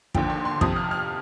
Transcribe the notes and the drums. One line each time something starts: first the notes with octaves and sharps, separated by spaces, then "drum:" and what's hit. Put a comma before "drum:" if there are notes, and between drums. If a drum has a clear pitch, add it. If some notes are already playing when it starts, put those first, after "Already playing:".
D#2 D3 F3 G5, drum: kick
C6
C6
F2 C3 F3 D#6, drum: kick
F6
F6